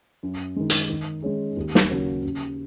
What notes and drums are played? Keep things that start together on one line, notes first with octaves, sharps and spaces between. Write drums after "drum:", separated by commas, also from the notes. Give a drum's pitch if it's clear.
F#2
D#3 G#3
drum: hi-hat
D#3
G#3 C#4 G#4
D#2
drum: snare
C#3 F#3 A#3
C#3